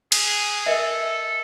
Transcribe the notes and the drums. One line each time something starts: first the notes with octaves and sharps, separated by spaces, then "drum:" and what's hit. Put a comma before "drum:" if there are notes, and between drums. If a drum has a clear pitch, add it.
G#4, drum: cymbal
A4 A#4 D#5 E5